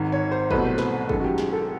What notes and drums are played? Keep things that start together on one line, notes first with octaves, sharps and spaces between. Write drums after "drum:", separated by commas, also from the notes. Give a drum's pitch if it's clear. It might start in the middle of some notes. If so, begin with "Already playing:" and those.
Already playing: G#1 G#2 D#3
C#5
C5
C2 B2 F#3 A3 B4, drum: kick
C5
B4, drum: snare
F#1 F#2 D#3 G#3 A4, drum: kick
F#4
G4
G#4, drum: snare
A4